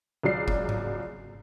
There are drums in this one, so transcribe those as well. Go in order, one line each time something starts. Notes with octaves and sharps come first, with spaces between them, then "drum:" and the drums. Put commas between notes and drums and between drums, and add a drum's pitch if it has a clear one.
C#2 F#3 D5 C7
drum: kick F1
drum: tom G#2